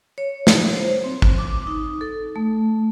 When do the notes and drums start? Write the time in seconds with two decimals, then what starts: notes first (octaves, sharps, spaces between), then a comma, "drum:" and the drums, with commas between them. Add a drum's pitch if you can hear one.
0.18 C#5
0.47 drum: snare
0.76 C5
1.04 C4
1.22 drum: kick
1.38 D6
1.67 D#4
2.01 A4
2.36 A3